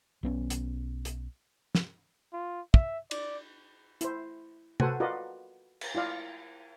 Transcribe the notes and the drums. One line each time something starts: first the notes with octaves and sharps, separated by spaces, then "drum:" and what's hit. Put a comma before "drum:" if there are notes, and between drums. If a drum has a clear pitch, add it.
B1 B3 C#4
drum: hi-hat
drum: hi-hat
drum: snare
F4
E5, drum: kick
D5, drum: cymbal
E4 C5, drum: hi-hat
F#4 A4 B4 C5 F#5 G#5, drum: tom
F4 F#4 A#4 B4 D5 D#5
drum: cymbal
E4 F4 D5 F5